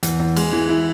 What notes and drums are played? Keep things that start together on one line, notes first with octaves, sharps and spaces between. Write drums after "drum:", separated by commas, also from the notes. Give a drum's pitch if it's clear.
E2, drum: hi-hat
E2
G#3, drum: cymbal
E3
E4